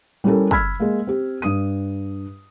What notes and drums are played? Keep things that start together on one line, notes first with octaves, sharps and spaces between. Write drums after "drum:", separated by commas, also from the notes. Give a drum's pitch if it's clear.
G3 C#4 E4 G4 A4 A#4
B5 E6 F6 G#6 B6, drum: kick
G#3 A#3
C4 G4
G2 D#6 D#7